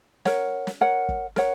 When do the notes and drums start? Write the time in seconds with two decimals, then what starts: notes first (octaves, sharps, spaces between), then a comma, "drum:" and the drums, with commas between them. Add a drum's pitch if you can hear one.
0.25 A#4 C#5 F#5, drum: snare
0.67 drum: snare
0.81 A#4 C#5 F#5
1.09 drum: kick
1.36 A#4 C#5 F#5, drum: snare